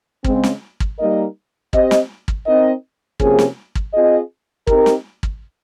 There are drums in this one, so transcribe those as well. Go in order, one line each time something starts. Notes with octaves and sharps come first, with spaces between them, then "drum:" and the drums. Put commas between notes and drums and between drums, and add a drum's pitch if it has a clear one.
C#3 G#3 C4, drum: kick
drum: snare
drum: kick
G3 A#3 D#4 A#4 D#5
C4 G4 C5 D#5, drum: kick
drum: snare
drum: kick
C4 D#4 A#4 D#5
C3 F3 A#3 C#4 G#4, drum: kick
drum: snare
drum: kick
C4 F4 G#4 D#5
C4 D#4 G4 A#4, drum: kick
drum: snare
drum: kick